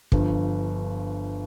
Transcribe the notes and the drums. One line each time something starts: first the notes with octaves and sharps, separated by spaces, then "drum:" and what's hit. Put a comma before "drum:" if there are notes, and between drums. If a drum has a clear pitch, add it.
G1 G2 F3, drum: kick